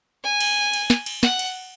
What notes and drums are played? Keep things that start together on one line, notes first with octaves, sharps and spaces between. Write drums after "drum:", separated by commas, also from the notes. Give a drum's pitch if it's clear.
G#5
drum: cymbal
drum: cymbal
drum: snare
drum: cymbal
F#5, drum: snare
drum: cymbal